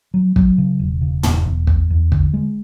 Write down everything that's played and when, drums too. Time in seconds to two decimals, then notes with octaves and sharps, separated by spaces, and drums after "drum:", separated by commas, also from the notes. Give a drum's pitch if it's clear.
0.14 F#3
0.36 F#3, drum: kick
0.58 C#3
0.79 E1
1.01 C#3
1.23 E1, drum: tom
1.46 E2
1.67 E2, drum: kick
1.90 E2
2.12 D3, drum: kick
2.34 G#3